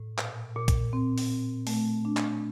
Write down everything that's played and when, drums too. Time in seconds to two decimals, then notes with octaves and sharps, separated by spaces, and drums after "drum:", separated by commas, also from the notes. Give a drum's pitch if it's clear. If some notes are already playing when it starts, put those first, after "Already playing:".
Already playing: A2
0.18 A#2, drum: clap
0.56 A#2
0.68 drum: kick, hi-hat
0.93 C4
1.18 drum: open hi-hat
1.29 C4
1.67 A3, drum: open hi-hat
2.05 D4
2.17 drum: clap